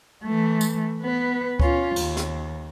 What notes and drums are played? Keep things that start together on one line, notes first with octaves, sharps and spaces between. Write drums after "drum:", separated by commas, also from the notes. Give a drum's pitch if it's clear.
E3 A3
drum: tambourine
B3 B4
C#4 F4, drum: kick C#2
D#2, drum: cymbal
drum: snare